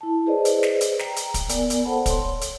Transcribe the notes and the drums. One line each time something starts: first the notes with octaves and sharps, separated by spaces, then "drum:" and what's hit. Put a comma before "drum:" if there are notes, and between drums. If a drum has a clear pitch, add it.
E4 A5
G#4 B4 C5 D5 D#5
drum: hi-hat
drum: snare
drum: hi-hat
G5 A#5, drum: snare
drum: hi-hat
drum: kick, hi-hat
B3 A#4 D5 G#5, drum: hi-hat
drum: hi-hat
A4 C5 F#5 G5 A5 B5
C#5 C6, drum: kick, hi-hat
drum: hi-hat